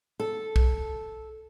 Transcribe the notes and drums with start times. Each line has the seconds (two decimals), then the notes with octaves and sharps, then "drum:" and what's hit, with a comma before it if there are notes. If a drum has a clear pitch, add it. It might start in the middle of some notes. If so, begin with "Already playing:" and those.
0.20 A4
0.56 drum: kick